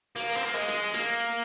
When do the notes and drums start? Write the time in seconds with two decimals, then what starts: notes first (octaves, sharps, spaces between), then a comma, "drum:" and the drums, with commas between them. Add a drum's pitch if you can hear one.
0.16 A#3, drum: open hi-hat
0.37 C4
0.45 A#3
0.54 G#3
0.68 drum: hi-hat
0.94 A#3, drum: hi-hat